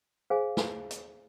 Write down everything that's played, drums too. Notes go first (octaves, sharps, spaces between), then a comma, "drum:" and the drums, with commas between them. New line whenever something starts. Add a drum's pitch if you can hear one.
G#4 C5 F5 G#5
drum: snare
drum: hi-hat